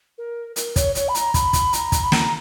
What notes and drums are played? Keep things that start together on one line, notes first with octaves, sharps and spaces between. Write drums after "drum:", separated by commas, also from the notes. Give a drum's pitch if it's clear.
A#4
A#4, drum: hi-hat
C#5, drum: kick, hi-hat
C#5, drum: hi-hat
B5
A#5, drum: hi-hat
B5, drum: kick, hi-hat
drum: kick, hi-hat
A#5, drum: hi-hat
drum: kick, hi-hat
B5
A#5, drum: snare